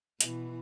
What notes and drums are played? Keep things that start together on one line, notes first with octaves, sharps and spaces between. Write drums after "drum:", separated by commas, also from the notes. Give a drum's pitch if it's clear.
B2 E3, drum: hi-hat